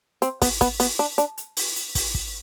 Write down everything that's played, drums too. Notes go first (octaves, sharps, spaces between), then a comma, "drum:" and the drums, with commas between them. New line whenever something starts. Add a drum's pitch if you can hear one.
C4, drum: hi-hat
B3, drum: kick, open hi-hat
B3, drum: kick, hi-hat
B3, drum: open hi-hat
D4
D4, drum: hi-hat
drum: hi-hat
drum: open hi-hat
drum: hi-hat
drum: kick, open hi-hat
drum: kick